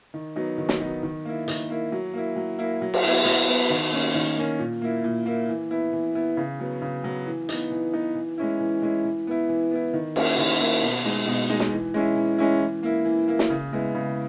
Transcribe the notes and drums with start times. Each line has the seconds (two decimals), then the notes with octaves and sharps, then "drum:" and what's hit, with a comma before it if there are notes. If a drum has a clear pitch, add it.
0.14 D#3
0.36 F#3 B3 D#4
0.58 D#3
0.69 drum: snare
0.80 F#3 B3 D#4
1.03 D#3
1.25 A#3 E4
1.48 D#3, drum: hi-hat
1.70 A#3 E4
1.92 F#3
2.14 A#3 E4
2.36 F#3
2.59 A#3 E4
2.81 F#3
2.94 drum: cymbal
3.03 B3 E4
3.25 F#3, drum: hi-hat
3.48 B3 E4
3.70 D#3
3.92 A#3 C#4
4.15 D#3
4.36 A#3 C#4
4.59 A#2
4.82 A#3 E4
5.04 A#2
5.26 A#3 E4
5.49 E3
5.71 B3 E4
5.93 E3
6.15 B3 E4
6.37 C#3
6.60 F#3 B3
6.82 C#3
7.04 F#3 B3
7.27 E3
7.49 B3 D#4, drum: hi-hat
7.71 E3
7.93 B3 D#4
8.15 E3
8.38 G#3 C#4 E4
8.60 E3
8.82 G#3 C#4 E4
9.05 E3
9.27 B3 E4
9.49 E3
9.71 B3 E4
9.93 D#3
10.16 A#3 C#4 E4, drum: cymbal
10.38 D#3
10.60 A#3 C#4 E4
10.83 B2
11.05 G#3 D#4
11.27 B2
11.50 G#3 D#4
11.60 drum: snare
11.72 E3
11.94 G#3 C#4 E4
12.16 E3
12.38 G#3 C#4 E4
12.61 E3
12.83 A#3 E4
13.05 E3
13.28 A#3 E4
13.39 drum: snare
13.50 C#3
13.73 G#3 B3 E4
13.95 C#3